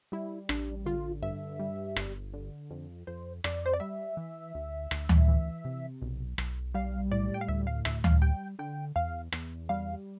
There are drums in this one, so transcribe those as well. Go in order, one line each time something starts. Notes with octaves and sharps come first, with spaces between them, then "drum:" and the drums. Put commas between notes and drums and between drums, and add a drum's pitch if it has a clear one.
G3 E4
A1 D4, drum: rim click
D3 F4
G2 E5
G3
G1, drum: rim click
D3
F2
F2 C5
F2 D5, drum: rim click
C5
D5
G3 E5
E3
D2
D2, drum: rim click
drum: tom D2
E3
C3
B1
B1, drum: rim click
G3 F5
A2 D5
G5
F5
D2 E5
F5
D2 E5, drum: rim click
F5, drum: tom D2
G3 G5
D3 G5
E2 F5
E2, drum: rim click
G3 F5